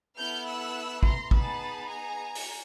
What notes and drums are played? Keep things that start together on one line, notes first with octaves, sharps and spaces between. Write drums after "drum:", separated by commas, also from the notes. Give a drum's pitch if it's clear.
B3 E4 A4 F6 G6
E6 F#6
A#5 C6, drum: kick
B3 D#4 G#4 A5 B5, drum: kick
G#5 A#5
drum: open hi-hat